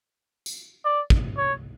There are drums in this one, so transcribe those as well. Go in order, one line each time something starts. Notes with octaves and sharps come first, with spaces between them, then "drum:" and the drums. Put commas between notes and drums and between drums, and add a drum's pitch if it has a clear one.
drum: tambourine
D5
drum: kick
C#5